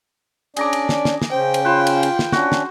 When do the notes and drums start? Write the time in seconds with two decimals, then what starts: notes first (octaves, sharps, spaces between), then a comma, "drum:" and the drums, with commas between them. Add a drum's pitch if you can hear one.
0.57 C#4 D4 G#4 D5 A#5 D6, drum: cymbal
0.73 drum: cymbal
0.89 drum: snare
1.05 drum: snare
1.22 drum: snare
1.31 C#3 C#4 C5 G5
1.54 drum: cymbal
1.65 F4 B4 C5
1.87 drum: cymbal
2.03 drum: cymbal
2.19 drum: snare
2.32 C#4 D4 F#4, drum: snare
2.52 drum: snare